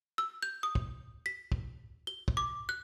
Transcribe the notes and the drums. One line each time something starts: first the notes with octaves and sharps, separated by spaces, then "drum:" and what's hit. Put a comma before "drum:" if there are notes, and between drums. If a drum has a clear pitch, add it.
E6
G6
D#6
drum: kick
B6
drum: kick
G7
drum: kick
D6
F#6